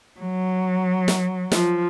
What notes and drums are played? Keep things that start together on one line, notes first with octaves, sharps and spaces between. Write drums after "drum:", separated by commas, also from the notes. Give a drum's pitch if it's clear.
F#3
drum: snare
F3, drum: snare